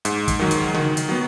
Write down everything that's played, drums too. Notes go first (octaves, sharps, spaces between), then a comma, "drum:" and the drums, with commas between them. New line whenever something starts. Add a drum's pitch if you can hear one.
G#2, drum: hi-hat
drum: kick, hi-hat
D#3 F#3
drum: hi-hat
D#3, drum: tom C#3
drum: hi-hat
F#3 B3